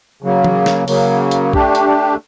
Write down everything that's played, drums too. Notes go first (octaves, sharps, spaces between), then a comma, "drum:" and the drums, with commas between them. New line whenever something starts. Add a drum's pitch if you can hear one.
C#3 F#3 A#3
drum: tom
drum: snare
C#3 F#3 A#3, drum: open hi-hat
drum: hi-hat
A3 D4 G4, drum: kick A#1
drum: hi-hat